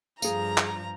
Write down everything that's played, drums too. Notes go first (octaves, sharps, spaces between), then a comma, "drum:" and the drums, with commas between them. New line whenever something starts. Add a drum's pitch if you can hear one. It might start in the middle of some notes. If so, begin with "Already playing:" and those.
G2 F3 G#4 F5 A#5, drum: tambourine
drum: clap